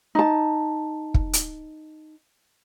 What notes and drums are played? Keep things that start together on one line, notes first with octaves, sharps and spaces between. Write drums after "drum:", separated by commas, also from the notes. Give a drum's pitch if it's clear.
D#4 A5
drum: kick
drum: hi-hat